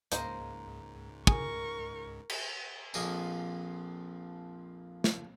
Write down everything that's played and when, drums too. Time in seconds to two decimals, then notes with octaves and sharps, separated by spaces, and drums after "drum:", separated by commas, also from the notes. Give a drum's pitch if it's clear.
0.12 C#2 G#2 A#3 C5 D#5, drum: hi-hat
1.27 G#4 A#4 C#6, drum: kick
2.29 drum: cymbal
2.94 A#1 F2 F3 D5 D#5 G#5, drum: tambourine
5.04 drum: snare